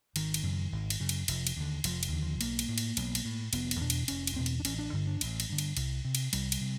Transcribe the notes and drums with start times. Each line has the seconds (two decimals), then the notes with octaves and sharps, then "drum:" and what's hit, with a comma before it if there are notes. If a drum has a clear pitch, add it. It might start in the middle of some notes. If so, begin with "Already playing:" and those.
0.16 G#1 D#3, drum: cymbal
0.34 drum: cymbal
0.43 F#2 C#3
0.72 G#1
0.90 drum: cymbal
1.00 F#2 C#3
1.09 drum: cymbal
1.28 F1, drum: cymbal
1.47 drum: cymbal
1.57 D#2 D3
1.84 F1 F3, drum: cymbal
2.03 drum: cymbal
2.12 D#2 D3
2.22 F3
2.41 B1 A#3, drum: cymbal
2.59 drum: cymbal
2.68 A2
2.78 drum: cymbal
2.97 B1, drum: cymbal
3.15 drum: cymbal
3.25 A2
3.53 F1 B3, drum: cymbal
3.71 drum: cymbal
3.81 E2 B2 D4
3.90 drum: cymbal
4.08 F1 C#4, drum: cymbal
4.27 drum: cymbal
4.36 E2 B2 C4
4.46 drum: cymbal
4.60 D4
4.65 A1 C#4, drum: cymbal
4.79 D4
4.93 G2 D3
5.07 D4
5.21 A1, drum: cymbal
5.40 drum: cymbal
5.49 G2 D3
5.58 drum: cymbal
5.77 C2, drum: cymbal
6.05 C3
6.15 drum: cymbal
6.33 C2 G3, drum: cymbal
6.52 drum: cymbal
6.61 C3